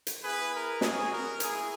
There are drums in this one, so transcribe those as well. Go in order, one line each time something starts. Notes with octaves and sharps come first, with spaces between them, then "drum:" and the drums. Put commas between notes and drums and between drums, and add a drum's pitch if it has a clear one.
drum: hi-hat
B3 E4 G#4 B4
A#4
B3 F#4 G#4, drum: snare
A#4
A#3 E4 G#4, drum: hi-hat